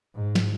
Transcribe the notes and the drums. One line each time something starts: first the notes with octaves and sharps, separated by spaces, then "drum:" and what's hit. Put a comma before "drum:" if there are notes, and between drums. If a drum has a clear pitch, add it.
G#2
drum: snare